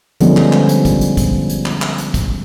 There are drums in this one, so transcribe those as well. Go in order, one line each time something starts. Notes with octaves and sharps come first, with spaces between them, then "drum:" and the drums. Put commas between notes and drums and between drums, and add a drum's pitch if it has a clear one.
D3 F3 G3 G#3 B3 C#4, drum: hi-hat
drum: clap
drum: clap
drum: hi-hat
drum: kick, hi-hat
drum: hi-hat
drum: kick, hi-hat
drum: hi-hat
drum: clap
drum: clap
drum: hi-hat
drum: kick, hi-hat